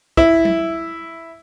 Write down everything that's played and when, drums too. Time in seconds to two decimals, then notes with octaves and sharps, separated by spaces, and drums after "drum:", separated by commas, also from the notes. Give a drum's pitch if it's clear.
0.17 E4, drum: kick
0.45 drum: tom F#3